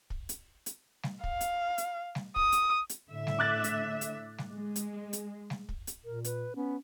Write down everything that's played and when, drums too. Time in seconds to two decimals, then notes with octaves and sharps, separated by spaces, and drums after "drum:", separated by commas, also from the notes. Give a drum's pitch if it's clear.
0.10 drum: kick
0.29 drum: hi-hat
0.66 drum: hi-hat
1.03 drum: snare G3
1.24 F5, drum: kick
1.41 drum: hi-hat
1.78 drum: hi-hat
2.15 drum: snare G3
2.36 D#6, drum: kick
2.52 drum: hi-hat
2.89 drum: hi-hat
3.09 A2 D3 E5
3.27 drum: snare G3
3.39 D6 F#6 A6
3.64 drum: hi-hat
4.01 drum: hi-hat
4.38 drum: snare G3
4.51 G#3
4.76 drum: hi-hat
5.13 drum: hi-hat
5.50 drum: snare G3
5.69 drum: kick
5.87 drum: hi-hat
6.05 A#2 A#4
6.24 B4, drum: hi-hat
6.56 B3 C#4